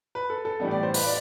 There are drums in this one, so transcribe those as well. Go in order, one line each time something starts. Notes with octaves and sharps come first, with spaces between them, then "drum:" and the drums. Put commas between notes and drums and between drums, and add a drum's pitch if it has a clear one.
B4
A4
A4
A2 E3 G3 B3
D5
C5
B4, drum: open hi-hat
D5